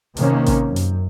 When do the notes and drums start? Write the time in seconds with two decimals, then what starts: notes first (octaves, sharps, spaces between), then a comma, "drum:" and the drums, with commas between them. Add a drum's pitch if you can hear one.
0.17 C3 D#3 A#3 C#4, drum: hi-hat
0.46 drum: kick G#1, hi-hat
0.67 F#2
0.76 drum: hi-hat